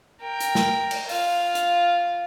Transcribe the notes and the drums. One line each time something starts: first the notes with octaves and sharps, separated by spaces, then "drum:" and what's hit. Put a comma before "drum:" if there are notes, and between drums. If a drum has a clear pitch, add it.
A#4 G5
drum: hi-hat
drum: snare
drum: cymbal
F4 F5, drum: open hi-hat
drum: hi-hat